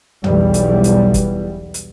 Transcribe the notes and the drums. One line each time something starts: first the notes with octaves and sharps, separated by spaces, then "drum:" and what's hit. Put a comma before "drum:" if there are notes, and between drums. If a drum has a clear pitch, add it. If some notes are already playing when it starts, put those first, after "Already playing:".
B1 E2 B2 E3 G3, drum: tom
drum: hi-hat
drum: hi-hat
drum: kick, hi-hat
drum: hi-hat